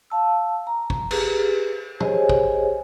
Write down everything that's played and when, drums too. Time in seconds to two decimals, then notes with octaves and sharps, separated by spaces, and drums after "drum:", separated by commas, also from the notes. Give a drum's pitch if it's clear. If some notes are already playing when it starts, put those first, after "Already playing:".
0.10 F5 A5 E6
0.67 A#5
0.90 drum: kick
1.11 G4 G#4 B4, drum: cymbal
2.00 G4 G#4 C5 C#5 D#5 G#5, drum: tom
2.29 drum: kick